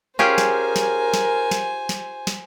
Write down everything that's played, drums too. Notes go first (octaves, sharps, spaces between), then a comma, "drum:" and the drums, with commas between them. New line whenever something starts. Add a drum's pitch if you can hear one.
C#4 F4 G4 G#4 A#4 C5 G#5
drum: snare
drum: snare
drum: snare
drum: snare
drum: snare
drum: snare